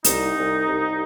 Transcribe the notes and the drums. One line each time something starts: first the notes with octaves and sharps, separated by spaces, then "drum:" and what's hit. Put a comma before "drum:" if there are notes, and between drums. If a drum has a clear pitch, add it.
C2 D#4, drum: hi-hat
C2
C2